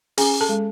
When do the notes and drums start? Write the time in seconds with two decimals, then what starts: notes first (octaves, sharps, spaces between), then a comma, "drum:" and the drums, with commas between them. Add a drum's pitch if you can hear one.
0.18 C#4 G#4 G#5, drum: open hi-hat
0.41 A4 A5
0.49 G#3